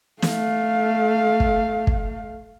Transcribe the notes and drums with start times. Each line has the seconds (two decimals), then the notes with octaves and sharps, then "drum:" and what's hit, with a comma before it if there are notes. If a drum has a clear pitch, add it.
0.22 A3 F5, drum: snare
1.40 drum: kick
1.87 drum: kick